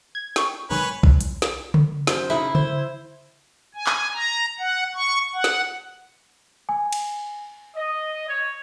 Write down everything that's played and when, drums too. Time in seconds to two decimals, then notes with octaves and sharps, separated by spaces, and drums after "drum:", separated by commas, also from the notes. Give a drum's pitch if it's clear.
0.15 G#6
0.36 G5 C#6, drum: snare
0.70 B1 G#2 D#3 B4 C#5 G#5
1.03 drum: kick B1
1.21 drum: hi-hat
1.42 drum: snare
1.74 drum: tom C#3
2.07 F#2 C5, drum: snare
2.30 C#3 D#4 E4 G#4
2.55 C5, drum: tom C#3
3.74 G#5
3.86 drum: clap
4.14 A#5
4.58 F#5
4.95 C#6
5.33 F#5
5.44 drum: snare
6.69 G#5
6.93 drum: cymbal
7.76 D#5
8.28 C#5